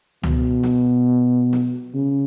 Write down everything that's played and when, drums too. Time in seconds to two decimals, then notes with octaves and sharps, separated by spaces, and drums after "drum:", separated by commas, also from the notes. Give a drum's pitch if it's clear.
0.23 B2, drum: tom C#2
0.63 drum: snare
1.53 drum: snare
1.94 C#3